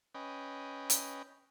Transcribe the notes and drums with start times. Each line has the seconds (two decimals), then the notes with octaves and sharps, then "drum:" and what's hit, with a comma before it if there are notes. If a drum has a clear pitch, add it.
0.15 C#4 B4 D#5 G5
0.90 drum: hi-hat